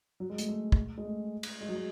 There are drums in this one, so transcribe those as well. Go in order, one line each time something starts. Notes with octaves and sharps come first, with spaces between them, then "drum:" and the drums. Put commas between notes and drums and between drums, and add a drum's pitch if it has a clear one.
F#3
G#3
A3, drum: hi-hat
A3
drum: kick
G#3
A3
drum: cymbal
G#3
F#3
G#3